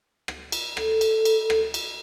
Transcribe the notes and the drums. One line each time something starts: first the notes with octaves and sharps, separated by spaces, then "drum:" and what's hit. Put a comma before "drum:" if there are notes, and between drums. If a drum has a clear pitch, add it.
drum: rim click
drum: cymbal
A4, drum: rim click
drum: cymbal
drum: cymbal
drum: rim click
drum: cymbal